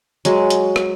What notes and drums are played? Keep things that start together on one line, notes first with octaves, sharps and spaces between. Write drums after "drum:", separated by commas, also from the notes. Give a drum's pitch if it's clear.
F#3 G#3, drum: hi-hat
drum: hi-hat
drum: rim click